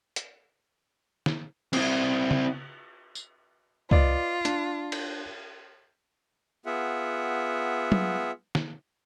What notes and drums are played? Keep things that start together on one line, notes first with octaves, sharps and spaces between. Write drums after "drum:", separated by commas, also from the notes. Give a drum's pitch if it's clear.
drum: hi-hat
drum: snare
C4 E4, drum: cymbal
drum: tom
drum: tambourine
F4 B4 D5 D#5, drum: kick
D4, drum: hi-hat
drum: cymbal
B3 F4 G#4 E5 F#5
drum: tom F#3
drum: snare